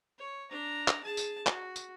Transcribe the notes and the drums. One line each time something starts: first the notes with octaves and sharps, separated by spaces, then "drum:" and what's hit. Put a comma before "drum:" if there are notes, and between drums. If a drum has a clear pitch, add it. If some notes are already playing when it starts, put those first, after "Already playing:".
C#5
D4 A#5
drum: clap
G#4 A5
drum: tambourine
F#4, drum: clap
drum: tambourine